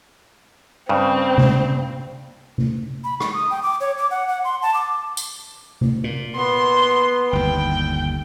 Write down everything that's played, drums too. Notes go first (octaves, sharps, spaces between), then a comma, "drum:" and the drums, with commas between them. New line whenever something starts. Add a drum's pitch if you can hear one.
G2 C#3 C4
drum: tom C3
drum: tom C3
B5
C#6, drum: rim click
D#6
G5
D6
C#5
D6
F#5
F#5
C6
A5
D6
drum: tambourine
drum: tom C3
A#2
B3 C6
G1 D#2 G5